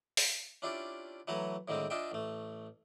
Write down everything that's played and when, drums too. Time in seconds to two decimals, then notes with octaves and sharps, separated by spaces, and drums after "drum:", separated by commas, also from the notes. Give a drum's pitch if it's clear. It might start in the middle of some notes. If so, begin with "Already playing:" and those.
0.17 drum: open hi-hat
0.62 C#4 D4 E4 F4 G4 D5
1.28 E3 F#3 A3 B4 C#5 A#5
1.68 A2 D3 D#3 G3 G#3 C4
1.90 D4 F4 D#5 E5 G5
2.12 A1 A3